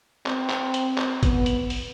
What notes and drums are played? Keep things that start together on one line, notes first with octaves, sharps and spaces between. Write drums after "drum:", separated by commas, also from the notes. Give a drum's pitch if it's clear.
C4, drum: clap
drum: clap
drum: hi-hat
drum: clap
B3, drum: kick G#1, hi-hat
drum: hi-hat
drum: open hi-hat